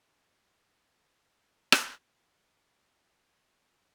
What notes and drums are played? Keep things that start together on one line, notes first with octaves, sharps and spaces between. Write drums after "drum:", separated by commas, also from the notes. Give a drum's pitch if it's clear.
D4 E6
G5
F#2 E4 C#5 G5 G#5 D6
drum: rim click
C4 D5 E6
D#2 C3 G3 C4